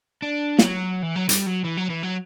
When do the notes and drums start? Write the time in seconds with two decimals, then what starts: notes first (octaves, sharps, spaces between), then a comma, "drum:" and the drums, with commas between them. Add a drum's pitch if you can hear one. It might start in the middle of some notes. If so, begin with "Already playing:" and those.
0.22 D4
0.59 F#3, drum: snare
1.02 E3
1.16 F#3
1.29 G3, drum: hi-hat
1.47 F#3
1.65 E3
1.78 F#3
1.90 E3
2.03 F#3